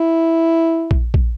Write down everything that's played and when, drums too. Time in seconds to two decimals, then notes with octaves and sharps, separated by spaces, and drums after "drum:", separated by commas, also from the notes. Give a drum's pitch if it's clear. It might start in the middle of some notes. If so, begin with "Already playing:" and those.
Already playing: E4
0.91 drum: kick A#1
1.14 drum: kick A#1